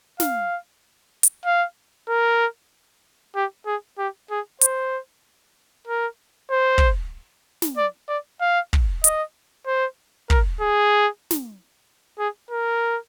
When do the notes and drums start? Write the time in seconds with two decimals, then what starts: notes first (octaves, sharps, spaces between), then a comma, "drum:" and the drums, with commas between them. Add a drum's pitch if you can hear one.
0.20 F5, drum: snare
1.23 drum: hi-hat
1.46 F5
2.09 A#4
3.36 G4
3.66 G#4
3.98 G4
4.30 G#4
4.61 C5, drum: hi-hat
5.87 A#4
6.51 C5
6.78 drum: kick
7.62 drum: snare
7.77 D5
8.08 D5
8.41 F5
8.73 drum: kick
9.04 D#5, drum: hi-hat
9.67 C5
10.30 A#4, drum: kick
10.61 G#4
11.31 drum: snare
12.19 G#4
12.50 A#4